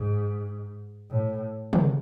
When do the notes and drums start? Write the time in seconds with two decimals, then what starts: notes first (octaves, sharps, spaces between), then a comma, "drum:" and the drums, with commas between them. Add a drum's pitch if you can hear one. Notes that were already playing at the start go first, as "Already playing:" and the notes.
Already playing: G#2
1.09 A2
1.73 drum: tom